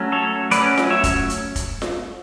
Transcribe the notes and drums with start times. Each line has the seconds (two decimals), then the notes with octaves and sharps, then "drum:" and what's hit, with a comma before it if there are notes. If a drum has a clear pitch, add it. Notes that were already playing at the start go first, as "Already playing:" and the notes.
Already playing: F#3 A3 C#4
0.12 A4 C#5
0.51 F#3 A3 C#4 B4 D5, drum: hi-hat
0.78 drum: snare F4
0.90 C#5 E5
1.04 drum: kick, hi-hat
1.30 drum: hi-hat
1.56 drum: kick, hi-hat
1.82 drum: snare F4